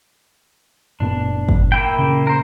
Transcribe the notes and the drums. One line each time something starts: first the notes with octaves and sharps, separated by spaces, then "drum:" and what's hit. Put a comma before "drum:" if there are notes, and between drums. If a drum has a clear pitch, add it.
F#1 A#2 B3 D4
drum: kick
A#3 E4 G5
A#2 C#3
A#4 C5